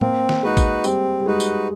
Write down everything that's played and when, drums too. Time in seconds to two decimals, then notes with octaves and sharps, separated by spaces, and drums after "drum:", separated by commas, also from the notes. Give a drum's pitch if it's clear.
0.01 A#3 C4, drum: tom A2
0.29 drum: snare
0.43 G#3 D#4 F#4 B4
0.57 drum: kick, tambourine
0.84 G3 C4, drum: tambourine
1.20 G3
1.26 G#3 D#4 F#4 B4
1.40 drum: tambourine